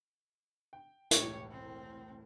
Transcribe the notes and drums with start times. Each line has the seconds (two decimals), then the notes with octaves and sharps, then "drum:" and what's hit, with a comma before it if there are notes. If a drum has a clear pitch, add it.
0.73 G5
1.11 E1 C2 A2 G4 C#5, drum: hi-hat
1.51 C4